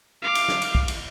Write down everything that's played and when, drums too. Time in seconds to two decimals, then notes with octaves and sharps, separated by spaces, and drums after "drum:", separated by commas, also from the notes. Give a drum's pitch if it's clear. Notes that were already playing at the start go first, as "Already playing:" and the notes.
0.22 F5 D6
0.35 drum: cymbal
0.48 drum: snare
0.62 drum: cymbal
0.75 drum: kick
0.88 drum: cymbal